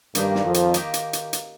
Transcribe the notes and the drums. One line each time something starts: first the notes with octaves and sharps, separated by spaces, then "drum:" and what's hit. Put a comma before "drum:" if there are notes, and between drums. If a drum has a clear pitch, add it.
G2 D#3 G3 A#3 D#4 G4, drum: hi-hat
drum: snare
F2 F3
drum: hi-hat
D#3 A#3 D#4 G4, drum: hi-hat
drum: hi-hat
drum: hi-hat
drum: hi-hat